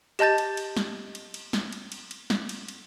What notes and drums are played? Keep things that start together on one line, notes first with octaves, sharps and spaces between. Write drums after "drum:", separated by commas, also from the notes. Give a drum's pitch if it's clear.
G4 D#5 A5 G6 A6, drum: cymbal
drum: cymbal
drum: cymbal
drum: snare
drum: cymbal
drum: cymbal
drum: snare
drum: cymbal
drum: cymbal
drum: cymbal
drum: snare
drum: cymbal
drum: cymbal